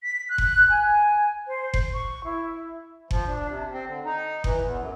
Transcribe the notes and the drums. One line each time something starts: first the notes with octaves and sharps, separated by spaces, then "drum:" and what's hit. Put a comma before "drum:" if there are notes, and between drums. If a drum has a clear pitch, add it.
B6
F#6
drum: kick F#1
G#5
C5
drum: kick F#1
C#6
E4
F3, drum: kick F#1
D4
C3
C4
D3
D#4
E3, drum: kick F#1
E2
F#2